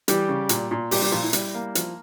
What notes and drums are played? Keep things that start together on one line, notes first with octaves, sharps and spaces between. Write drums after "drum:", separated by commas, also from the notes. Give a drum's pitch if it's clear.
E3 G3 G4, drum: hi-hat
C#3
A#2, drum: hi-hat
A#2
A#2 G3 G4, drum: open hi-hat
G3 G4
A#2 F3 F4
E4
G3, drum: hi-hat
A#3
F3, drum: hi-hat